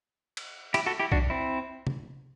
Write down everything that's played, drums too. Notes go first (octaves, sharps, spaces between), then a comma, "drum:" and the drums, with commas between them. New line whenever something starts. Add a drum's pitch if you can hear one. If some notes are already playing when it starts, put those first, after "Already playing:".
drum: cymbal
E4 G4, drum: cymbal
F#4 A4
E4 G4
D4 F#4, drum: kick B1
C4 E4
drum: tom C3